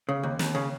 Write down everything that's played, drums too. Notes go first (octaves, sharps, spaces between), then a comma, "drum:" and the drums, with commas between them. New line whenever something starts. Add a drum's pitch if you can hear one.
C#3
D#2
D#2, drum: snare
C#3